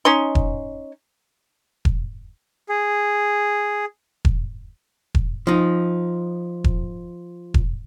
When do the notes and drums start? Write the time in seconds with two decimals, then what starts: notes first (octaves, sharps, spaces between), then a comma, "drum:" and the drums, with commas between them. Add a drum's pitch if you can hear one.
0.05 C#4 D#4 C6
0.35 drum: kick E1
1.85 drum: kick E1
2.69 G#4
4.25 drum: kick E1
5.15 drum: kick E1
5.47 F3 D#4
6.64 drum: kick E1
7.54 drum: kick E1